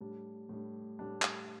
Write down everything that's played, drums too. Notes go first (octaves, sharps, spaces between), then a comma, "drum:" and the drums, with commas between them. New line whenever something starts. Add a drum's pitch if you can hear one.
A2 G3 D4
A2 G3 D4
A2 G3 D4
drum: clap